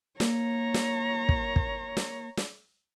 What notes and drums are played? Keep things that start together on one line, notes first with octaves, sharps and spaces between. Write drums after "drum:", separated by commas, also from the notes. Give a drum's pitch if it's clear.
A#3 C#5 A#5, drum: snare
drum: snare
drum: kick
drum: kick
drum: snare
drum: snare